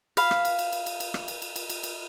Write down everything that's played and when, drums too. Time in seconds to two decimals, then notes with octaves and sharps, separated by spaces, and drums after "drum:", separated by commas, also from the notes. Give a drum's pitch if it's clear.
0.17 F5 B5, drum: cymbal
0.31 drum: rim click
0.45 drum: cymbal
0.59 drum: cymbal
0.72 drum: cymbal
0.86 drum: cymbal
1.00 drum: cymbal
1.14 drum: rim click
1.28 drum: cymbal
1.42 drum: cymbal
1.56 drum: cymbal
1.69 drum: cymbal
1.83 drum: cymbal